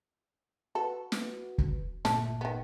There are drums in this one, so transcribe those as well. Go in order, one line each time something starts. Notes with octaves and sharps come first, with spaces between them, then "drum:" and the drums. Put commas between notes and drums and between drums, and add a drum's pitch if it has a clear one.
F#4 A4 B4
drum: snare
drum: kick
G1 A#2 A3 E5 A5, drum: snare
D#3 B3